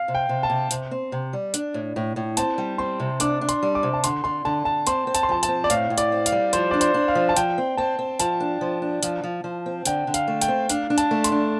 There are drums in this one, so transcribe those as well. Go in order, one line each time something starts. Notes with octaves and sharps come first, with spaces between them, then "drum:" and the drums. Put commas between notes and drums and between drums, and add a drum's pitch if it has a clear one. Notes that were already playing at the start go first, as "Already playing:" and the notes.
Already playing: F5
C3
G5
C3
A5
C3
C3, drum: hi-hat
C4
C3
G3
D4, drum: hi-hat
A2
A2
A2
C4 A5, drum: hi-hat
G3
C4 C6
C3
D4 D6, drum: hi-hat
D4
C6, drum: hi-hat
G3
D6
C3
A5
D3 C6, drum: hi-hat
D3 C6
D3 A5
D3 A5
C4 C6, drum: hi-hat
C4
A5, drum: hi-hat
C6
F3 A5
A5, drum: hi-hat
C4
D5
A2 F5, drum: hi-hat
A2
D5, drum: hi-hat
C4
F5, drum: hi-hat
G3
F3 C5, drum: hi-hat
D4 D5
C5, drum: hi-hat
D4
F5
F3
A5
F3 G5, drum: hi-hat
C4
C4 A5
C4
F3 A5, drum: hi-hat
D4
F3
D4
F3, drum: hi-hat
F3
F3
C4
D3 G5, drum: hi-hat
D3
F5, drum: hi-hat
A3
G5, drum: hi-hat
C4
D4 F5, drum: hi-hat
D4
A5, drum: hi-hat
A3
C6, drum: hi-hat
D4